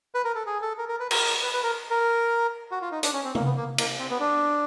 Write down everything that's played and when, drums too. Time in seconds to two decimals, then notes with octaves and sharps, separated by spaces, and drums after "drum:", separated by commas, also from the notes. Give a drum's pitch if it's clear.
0.15 B4
0.25 A#4
0.36 A4
0.47 G#4
0.62 A4
0.78 A#4
0.89 A#4
1.00 B4
1.11 A#4, drum: cymbal
1.26 drum: open hi-hat
1.43 B4
1.53 B4
1.64 A#4
1.91 A#4
2.71 F#4
2.82 F4
2.92 D#4
3.03 D4, drum: hi-hat
3.13 C#4
3.25 C4
3.35 A#3, drum: tom
3.46 B3
3.57 A#3
3.78 A#3, drum: cymbal
3.99 C4
4.10 B3
4.20 D4